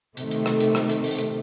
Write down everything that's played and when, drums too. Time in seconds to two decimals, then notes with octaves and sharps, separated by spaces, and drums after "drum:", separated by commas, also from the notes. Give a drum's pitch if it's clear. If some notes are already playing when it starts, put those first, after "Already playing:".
0.17 C3 D#3 A3, drum: hi-hat
0.31 drum: hi-hat
0.46 drum: rim click
0.60 drum: hi-hat
0.75 drum: rim click
0.89 drum: hi-hat
1.04 drum: open hi-hat
1.18 drum: hi-hat